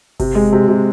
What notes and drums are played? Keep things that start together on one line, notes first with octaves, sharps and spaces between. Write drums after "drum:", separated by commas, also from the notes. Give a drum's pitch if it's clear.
C3, drum: kick G1, open hi-hat
G#3
C3
C3